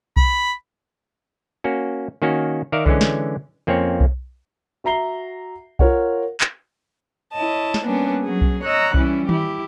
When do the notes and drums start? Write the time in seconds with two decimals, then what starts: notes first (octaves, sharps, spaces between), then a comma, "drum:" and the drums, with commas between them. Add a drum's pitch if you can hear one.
0.16 B5, drum: kick B1
1.64 A#3 C#4 F#4
2.22 D#3 A#3 C#4 F#4
2.72 D#3 A#4 D5 E5 F5
2.86 D3 E3 G#3 C#4, drum: kick B1
3.01 drum: snare
3.67 F2 A#3 C4 C#4 C#5
4.00 drum: kick B1
4.84 F#4 E5 A#5 C7 G7
5.79 F4 A#4 C#5 F#5, drum: kick B1
6.41 drum: clap
7.34 E4 C#5 D#5 A5
7.74 drum: snare
7.85 G3 A#3 B3 C#4 D4
8.22 F#3 C#4 G#4
8.41 drum: kick B1
8.63 C#5 D#5 A#5 E6 F#6
8.94 E3 G3 C#4 E4, drum: kick B1
9.29 E4 G4, drum: tom D#3